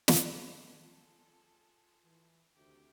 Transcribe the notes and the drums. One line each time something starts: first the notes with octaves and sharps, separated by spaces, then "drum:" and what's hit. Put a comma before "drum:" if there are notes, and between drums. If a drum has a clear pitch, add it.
drum: snare
F4 G#4 A4
E3
D2 C3 D#3 G4